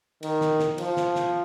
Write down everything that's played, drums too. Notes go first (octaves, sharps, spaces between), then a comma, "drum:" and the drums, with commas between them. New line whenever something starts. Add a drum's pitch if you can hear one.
D#3, drum: cymbal
drum: snare
drum: snare
F3, drum: cymbal
drum: snare
drum: snare